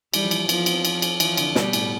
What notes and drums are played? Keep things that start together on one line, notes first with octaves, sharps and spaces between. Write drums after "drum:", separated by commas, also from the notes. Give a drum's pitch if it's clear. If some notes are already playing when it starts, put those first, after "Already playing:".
E3 G3, drum: cymbal
F3
E3, drum: cymbal
F3 B3, drum: cymbal
C4, drum: cymbal
drum: cymbal
drum: cymbal
E3 F3, drum: cymbal
D3, drum: cymbal
B2 G3, drum: snare
A2, drum: cymbal